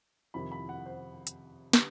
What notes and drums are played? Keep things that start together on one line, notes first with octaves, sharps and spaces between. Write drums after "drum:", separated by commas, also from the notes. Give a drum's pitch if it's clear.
F2 C3 D#3 G3 B5
B5
F#5
C5
drum: hi-hat
D3 G3 B3 B4, drum: snare